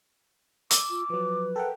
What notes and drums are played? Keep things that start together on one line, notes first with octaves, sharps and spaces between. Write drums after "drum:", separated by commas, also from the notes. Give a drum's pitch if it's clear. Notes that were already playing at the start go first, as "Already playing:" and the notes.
D6 E6, drum: hi-hat
F4
F3 F#3 B4
A4 A#4 F#5 G5